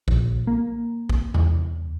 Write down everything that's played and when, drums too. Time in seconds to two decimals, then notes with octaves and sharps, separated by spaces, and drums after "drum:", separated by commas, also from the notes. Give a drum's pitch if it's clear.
0.08 A#1, drum: kick A#1
0.47 A#3
1.10 drum: kick A#1
1.34 E2, drum: tom B2